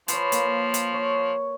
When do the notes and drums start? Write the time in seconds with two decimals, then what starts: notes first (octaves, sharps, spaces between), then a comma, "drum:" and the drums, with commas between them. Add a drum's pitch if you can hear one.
0.08 F3 B4 C#5, drum: hi-hat
0.32 A#3, drum: hi-hat
0.74 drum: hi-hat
0.93 C#5